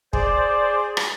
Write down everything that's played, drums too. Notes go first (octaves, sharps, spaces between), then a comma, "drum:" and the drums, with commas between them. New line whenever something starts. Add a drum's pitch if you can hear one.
G#4 C5 D5, drum: kick
drum: rim click